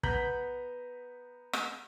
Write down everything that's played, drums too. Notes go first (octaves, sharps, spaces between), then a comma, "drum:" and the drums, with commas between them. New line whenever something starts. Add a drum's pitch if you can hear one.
B3 A#5 G6 B6 F#7, drum: kick
drum: rim click